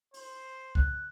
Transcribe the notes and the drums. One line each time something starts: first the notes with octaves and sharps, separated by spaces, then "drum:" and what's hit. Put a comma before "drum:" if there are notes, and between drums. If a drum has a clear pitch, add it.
C5, drum: open hi-hat
F#6, drum: kick